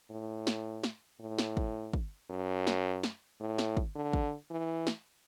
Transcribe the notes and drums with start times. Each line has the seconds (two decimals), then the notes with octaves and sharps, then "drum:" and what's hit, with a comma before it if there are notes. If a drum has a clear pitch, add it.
0.10 A2
0.47 drum: snare
0.84 drum: snare
1.20 A2
1.38 drum: snare
1.57 drum: kick
1.93 drum: kick
2.30 F#2
2.67 drum: snare
3.03 drum: snare
3.40 A2
3.58 drum: snare
3.77 drum: kick
3.95 D3
4.13 drum: kick
4.50 E3
4.87 drum: snare